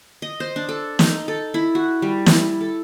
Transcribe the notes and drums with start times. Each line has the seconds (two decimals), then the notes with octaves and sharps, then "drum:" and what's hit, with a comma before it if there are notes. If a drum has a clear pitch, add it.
0.22 D#5
0.40 C5
0.56 D4
0.69 A4
0.99 D#4, drum: snare
1.28 A4
1.54 E4
1.75 F#4
2.02 G3
2.26 E4, drum: snare
2.61 A4